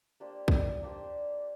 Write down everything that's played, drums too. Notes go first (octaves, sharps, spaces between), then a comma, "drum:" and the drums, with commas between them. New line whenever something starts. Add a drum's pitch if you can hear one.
A#3 D4 G4 C5
drum: kick A#1
A#3 D4 G4 C5